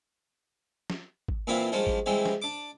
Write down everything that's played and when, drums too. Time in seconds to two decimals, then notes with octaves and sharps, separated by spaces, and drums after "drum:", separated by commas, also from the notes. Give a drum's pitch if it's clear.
0.90 drum: snare
1.28 drum: kick G#1
1.47 A#2 E3 C4 D4 E4 F4
1.72 D#3 F3 G3 G#3 D4
1.87 drum: kick G#1
2.06 E3 G3 G#3 C4
2.25 drum: snare
2.42 D4 D6